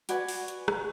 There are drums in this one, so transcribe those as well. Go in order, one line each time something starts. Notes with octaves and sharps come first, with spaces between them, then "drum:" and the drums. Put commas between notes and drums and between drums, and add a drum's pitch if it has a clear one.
F#4 B4 D5 G#5, drum: hi-hat
drum: open hi-hat
drum: hi-hat
drum: rim click